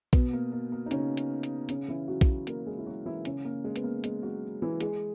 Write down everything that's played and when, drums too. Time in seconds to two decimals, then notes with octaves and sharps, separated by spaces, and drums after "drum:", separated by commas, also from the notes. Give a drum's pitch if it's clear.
0.13 B2 B3, drum: kick A#1, hi-hat
0.33 A#3
0.52 A#3
0.72 A#3
0.86 D#4
0.91 C#3 C#4, drum: hi-hat
1.17 drum: hi-hat
1.43 drum: hi-hat
1.69 C#3 C#4, drum: hi-hat
1.88 E3 E4
2.08 F#3 F#4
2.21 drum: kick A#1, hi-hat
2.47 A#3 A#4, drum: hi-hat
2.67 G#3 G#4
2.78 E4
2.86 F#3 F#4
3.05 E3 E4
3.25 C#3 C#4, drum: hi-hat
3.45 A#3
3.64 G#3
3.76 B3, drum: hi-hat
3.84 A#3
4.04 G#3, drum: hi-hat
4.23 F#3 F#4
4.62 E3 E4
4.80 G#3 G#4, drum: hi-hat